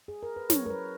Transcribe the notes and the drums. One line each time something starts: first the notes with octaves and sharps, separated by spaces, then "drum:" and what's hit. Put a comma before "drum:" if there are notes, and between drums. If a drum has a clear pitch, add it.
G#4
A#4
B4
F#3 C#4 E4 C#5, drum: snare
A#4
B4